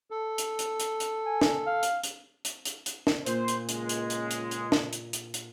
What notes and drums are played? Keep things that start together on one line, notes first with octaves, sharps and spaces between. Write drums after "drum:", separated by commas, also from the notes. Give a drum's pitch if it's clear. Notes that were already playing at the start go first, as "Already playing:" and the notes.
A4
drum: hi-hat
drum: hi-hat
drum: hi-hat
drum: hi-hat
G#5
drum: snare
F5
drum: hi-hat
drum: hi-hat
drum: hi-hat
drum: hi-hat
drum: hi-hat
drum: snare
A#2 C5, drum: hi-hat
drum: hi-hat
C#2 G#3, drum: hi-hat
drum: hi-hat
drum: hi-hat
drum: hi-hat
drum: hi-hat
drum: snare
drum: hi-hat
drum: hi-hat
drum: hi-hat